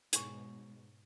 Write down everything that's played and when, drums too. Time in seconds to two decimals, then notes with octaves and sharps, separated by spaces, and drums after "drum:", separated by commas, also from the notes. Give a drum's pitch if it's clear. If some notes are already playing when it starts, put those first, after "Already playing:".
0.13 G#2 B2 G#4 C#5 C#6, drum: hi-hat